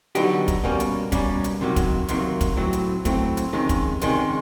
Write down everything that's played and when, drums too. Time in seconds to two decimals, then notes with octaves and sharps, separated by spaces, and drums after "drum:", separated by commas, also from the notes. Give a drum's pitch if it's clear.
0.15 D3 F#3 B3 D#4 G4, drum: hi-hat
0.48 drum: kick, hi-hat
0.64 B2 G3 A#3 C#4
0.80 drum: hi-hat
1.12 B2 G3 A#3 C#4, drum: kick, hi-hat
1.44 drum: hi-hat
1.60 C#2 C3 D#3 F#3 A#3
1.76 drum: kick, hi-hat
2.08 C#2 C3 D#3 F#3 A#3, drum: hi-hat
2.41 drum: kick, hi-hat
2.57 A2 F#3 A3 C4
2.73 drum: hi-hat
3.05 A2 F#3 A3 C4, drum: kick, hi-hat
3.37 drum: hi-hat
3.53 F2 C3 D#3 G#3 C#4
3.69 drum: kick, hi-hat
4.01 F2 C3 D#3 G#3 C#4, drum: hi-hat